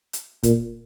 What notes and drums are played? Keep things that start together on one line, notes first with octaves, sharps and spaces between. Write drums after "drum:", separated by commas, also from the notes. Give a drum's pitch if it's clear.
drum: hi-hat
A#2, drum: kick, hi-hat